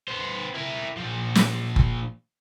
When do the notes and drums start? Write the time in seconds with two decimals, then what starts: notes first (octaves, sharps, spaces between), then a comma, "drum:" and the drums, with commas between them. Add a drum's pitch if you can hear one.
0.08 B3 C5
0.54 E4 A#4
0.97 A#2 F3
1.35 drum: snare
1.76 drum: kick F#1